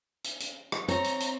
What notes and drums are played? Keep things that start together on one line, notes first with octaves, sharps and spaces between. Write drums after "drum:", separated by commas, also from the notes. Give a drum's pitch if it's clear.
drum: hi-hat
drum: hi-hat
drum: rim click
C4 C5 C#5 A#5, drum: hi-hat
drum: hi-hat
drum: hi-hat